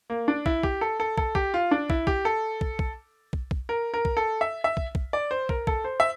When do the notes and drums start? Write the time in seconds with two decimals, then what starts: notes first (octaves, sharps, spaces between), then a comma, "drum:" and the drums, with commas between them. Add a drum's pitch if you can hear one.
0.10 A#3
0.28 D4
0.46 E4, drum: kick
0.63 G4, drum: kick
0.81 A4
1.00 A4
1.18 A4, drum: kick
1.35 G4, drum: kick
1.54 F4
1.71 D4
1.90 E4, drum: kick
2.07 G4, drum: kick
2.25 A4
2.61 drum: kick
2.79 drum: kick
3.33 drum: kick
3.51 drum: kick
3.69 A#4
3.94 A#4
4.05 drum: kick
4.17 A4
4.41 E5
4.64 E5
4.77 drum: kick
4.95 drum: kick
5.13 D5
5.31 C5
5.49 A#4, drum: kick
5.67 A4, drum: kick
5.84 C5
6.00 E5